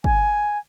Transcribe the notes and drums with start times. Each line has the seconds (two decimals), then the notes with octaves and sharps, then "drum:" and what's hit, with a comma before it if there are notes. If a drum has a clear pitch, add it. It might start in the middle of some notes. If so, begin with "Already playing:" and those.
0.04 G#5, drum: kick